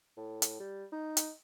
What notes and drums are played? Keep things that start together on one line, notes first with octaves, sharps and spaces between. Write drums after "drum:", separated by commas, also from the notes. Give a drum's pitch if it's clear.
A2
drum: hi-hat
G3
D#4
drum: hi-hat